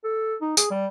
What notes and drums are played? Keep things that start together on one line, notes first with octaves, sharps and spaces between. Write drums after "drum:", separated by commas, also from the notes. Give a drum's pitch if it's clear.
A4
D#4
G#4, drum: tambourine
G3